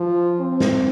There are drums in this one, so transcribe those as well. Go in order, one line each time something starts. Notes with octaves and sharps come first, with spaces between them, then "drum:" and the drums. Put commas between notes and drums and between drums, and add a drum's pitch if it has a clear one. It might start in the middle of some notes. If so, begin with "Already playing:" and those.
Already playing: F3
C4
drum: snare